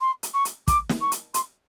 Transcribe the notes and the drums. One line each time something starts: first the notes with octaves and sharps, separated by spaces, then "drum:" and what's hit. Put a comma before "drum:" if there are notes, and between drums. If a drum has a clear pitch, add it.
C6
drum: hi-hat
C#6
drum: hi-hat
D6, drum: kick, hi-hat
drum: snare
C#6
drum: hi-hat
C6, drum: hi-hat